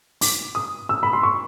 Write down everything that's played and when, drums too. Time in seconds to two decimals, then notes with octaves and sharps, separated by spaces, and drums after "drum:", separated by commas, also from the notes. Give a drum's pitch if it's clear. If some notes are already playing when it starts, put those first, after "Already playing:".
0.21 D6, drum: open hi-hat
0.55 D#6
0.89 E6
1.03 B5
1.13 C6
1.23 C#6